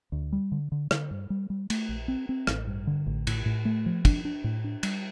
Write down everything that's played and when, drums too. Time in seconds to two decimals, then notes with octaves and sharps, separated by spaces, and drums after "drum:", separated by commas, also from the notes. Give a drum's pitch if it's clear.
0.12 D2
0.33 G3
0.52 D3
0.72 D3
0.91 D3, drum: rim click
1.11 G2
1.30 G3
1.50 G3
1.70 A3, drum: cymbal
1.89 A#1
2.08 C4
2.29 C4
2.47 A1, drum: rim click
2.67 G2
2.87 D3
3.06 A1
3.27 A2, drum: cymbal
3.46 A2
3.65 A3
3.86 F3
4.05 D4, drum: kick, cymbal
4.25 D4
4.44 A2
4.64 D4
4.83 G3, drum: cymbal